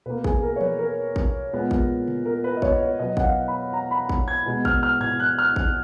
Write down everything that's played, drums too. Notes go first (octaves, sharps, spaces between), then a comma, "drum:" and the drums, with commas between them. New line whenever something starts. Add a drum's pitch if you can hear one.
B2 A#3 B4
G#4, drum: kick A1
A#4
C#5
B4, drum: tom E3
A#4
drum: kick A1
A#2 G#3 B3
drum: kick A1
drum: tom C3
A#4
B4
D#5
C#5, drum: kick A1
C#5
B2 F#3 B3 D#5
F#5, drum: kick A1
F5
B5
A#5
B5
drum: kick A1
G#6
B2 G#3 B3
F6, drum: kick A1
F6
G#6, drum: tom G#2
F#6
F6
drum: kick A1